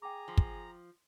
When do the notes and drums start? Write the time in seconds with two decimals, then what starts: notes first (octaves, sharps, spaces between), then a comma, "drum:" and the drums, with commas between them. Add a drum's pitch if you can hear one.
0.02 G#4 G5 A#5 D6
0.28 F3
0.37 drum: kick